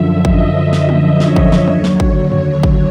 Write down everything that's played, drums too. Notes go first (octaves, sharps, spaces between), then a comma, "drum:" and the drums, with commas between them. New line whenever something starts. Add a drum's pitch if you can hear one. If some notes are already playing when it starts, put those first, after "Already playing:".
Already playing: F#2 D3 F3 E5
D#5, drum: kick G#1
drum: snare
drum: tom
C#5, drum: snare
drum: kick G#1
drum: snare
D#2 D3 F#3, drum: tom
drum: snare
drum: kick G#1
C#5
drum: tom F2
drum: kick G#1